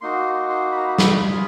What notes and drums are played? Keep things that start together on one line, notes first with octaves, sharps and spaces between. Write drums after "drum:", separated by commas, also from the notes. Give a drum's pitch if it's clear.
A#3 D#4 F#4 C6
C6
C6
B5
A#5
B5
B5, drum: snare
F4 G#4